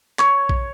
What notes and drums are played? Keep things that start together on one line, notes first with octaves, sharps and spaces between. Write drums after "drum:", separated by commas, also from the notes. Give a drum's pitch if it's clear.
C#5, drum: clap
drum: kick A#1